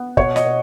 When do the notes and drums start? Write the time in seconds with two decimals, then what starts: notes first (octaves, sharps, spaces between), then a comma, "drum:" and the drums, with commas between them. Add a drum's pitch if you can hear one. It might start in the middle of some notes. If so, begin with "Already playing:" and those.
Already playing: B3
0.17 B2 C#5, drum: kick
0.36 D#5, drum: snare
0.45 B2